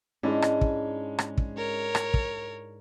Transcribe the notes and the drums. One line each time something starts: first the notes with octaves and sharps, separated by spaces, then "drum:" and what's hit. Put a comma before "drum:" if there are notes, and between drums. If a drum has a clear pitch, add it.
G#2 G#3 C#4 D4 E4
drum: rim click
drum: kick
drum: rim click
drum: kick
A#4 C#5
drum: rim click
drum: kick